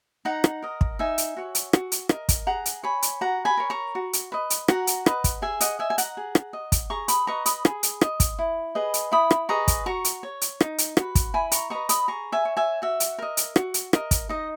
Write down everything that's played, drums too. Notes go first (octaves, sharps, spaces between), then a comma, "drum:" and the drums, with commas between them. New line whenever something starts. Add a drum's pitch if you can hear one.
D#4 F#5 A#5
drum: rim click
A#4 D#5
drum: kick
D#4 E5 G#5
drum: hi-hat
F#4 C#5
drum: hi-hat
F#4, drum: rim click
drum: hi-hat
A#4 D#5, drum: rim click
drum: kick, hi-hat
G#4 F#5 A#5
drum: hi-hat
C#5 G#5 B5
drum: hi-hat
F#4 F#5 A#5
G#5 B5
A#4 C#5
A#5 C#6
F#4
drum: hi-hat
B4 D#5
drum: hi-hat
F#4 F#5 A#5, drum: rim click
drum: hi-hat
B4 D#5, drum: rim click
drum: kick, hi-hat
G#4 E5 G#5
D#5 F#5, drum: hi-hat
D#5 E5 G#5
G#5
F#5 A#5, drum: hi-hat
G#4
drum: rim click
D#5
drum: kick, hi-hat
G#4 A#5 C#6
B5 D#6, drum: hi-hat
B4 D#5 A#5 C#6
B5 D#6, drum: hi-hat
G#4, drum: rim click
drum: hi-hat
D#5, drum: rim click
drum: kick, hi-hat
E4
G#4 B4 D#5
drum: hi-hat
E4 B5 D#6
drum: rim click
G#4 B4 D#5 A#5 C#6
drum: kick, hi-hat
F#4 A#5 C#6
drum: hi-hat
C#5
drum: hi-hat
D#4, drum: rim click
drum: hi-hat
F#4 B4, drum: rim click
drum: kick, hi-hat
E4 G#5 B5
A#5 C#6, drum: hi-hat
B4 D#5 A#5 C#6
B5 D#6, drum: hi-hat
G#4 A#5 C#6
E5 G#5
C#5
E5 G#5
F#4 E5
drum: hi-hat
A#4 D#5
drum: hi-hat
F#4, drum: rim click
drum: hi-hat
A#4 D#5, drum: rim click
drum: kick, hi-hat
D#4 D#5